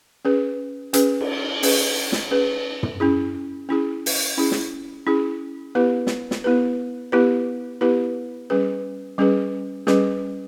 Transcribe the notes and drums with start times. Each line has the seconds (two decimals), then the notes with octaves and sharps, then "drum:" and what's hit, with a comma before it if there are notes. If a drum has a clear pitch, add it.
0.25 C#4 G#4 B4
0.93 C#4 G#4 B4, drum: hi-hat
1.21 drum: cymbal
1.63 C#4 G#4 B4, drum: open hi-hat
2.12 drum: snare
2.31 C#4 G#4 B4
2.83 drum: tom
3.00 C#4 E4 G#4
3.69 C#4 E4 G#4
4.06 drum: open hi-hat
4.38 C#4 E4 G#4
4.52 drum: snare
5.07 C#4 E4 G#4
5.75 B3 E4 G4 B4
6.07 drum: snare
6.31 drum: snare
6.44 B3 E4 G4 B4
7.12 B3 E4 G4 B4
7.81 B3 E4 G4 B4
8.50 G3 C#4 G#4 B4
9.18 G3 C#4 G#4 B4
9.87 G3 C#4 G#4 B4, drum: snare